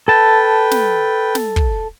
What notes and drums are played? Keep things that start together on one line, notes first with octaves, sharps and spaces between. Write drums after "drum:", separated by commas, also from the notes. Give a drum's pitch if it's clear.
A4 B4 G5 A5
drum: snare
drum: snare
drum: kick